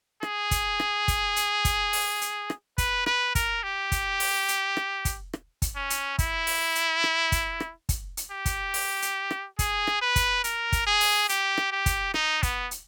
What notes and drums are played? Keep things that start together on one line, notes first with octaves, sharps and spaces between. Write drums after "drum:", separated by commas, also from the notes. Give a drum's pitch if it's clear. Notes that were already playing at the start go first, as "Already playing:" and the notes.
G#4, drum: rim click
drum: kick, hi-hat
drum: rim click
drum: kick, hi-hat
drum: hi-hat
drum: kick, hi-hat
drum: open hi-hat
drum: hi-hat
drum: rim click
B4, drum: kick, hi-hat
B4, drum: rim click
A#4, drum: kick, hi-hat
G4
drum: kick, hi-hat
drum: open hi-hat
drum: hi-hat
drum: rim click
drum: kick, hi-hat
drum: rim click
drum: kick, hi-hat
C#4
drum: hi-hat
E4, drum: kick, hi-hat
drum: open hi-hat
drum: hi-hat
drum: rim click
drum: kick, hi-hat
drum: rim click
drum: kick, hi-hat
drum: hi-hat
G4
drum: kick, hi-hat
drum: open hi-hat
drum: hi-hat
drum: rim click
G#4, drum: kick, hi-hat
drum: rim click
B4
drum: kick, hi-hat
A#4, drum: hi-hat
drum: kick, hi-hat
G#4
drum: open hi-hat
G4, drum: hi-hat
drum: rim click
G4
drum: kick, hi-hat
D#4, drum: rim click
B3, drum: kick, hi-hat
drum: hi-hat